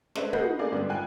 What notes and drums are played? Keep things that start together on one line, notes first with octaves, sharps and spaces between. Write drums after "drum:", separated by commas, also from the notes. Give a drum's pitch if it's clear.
G#3 A3 D4 B4 C5 E5, drum: snare
A#3 B4 D#5 F#5 G6 C7, drum: tom
A3 A#3 G#4 D5 F5
G#2 D3 G3 B3
G#1 F4 G5 G#5 F#6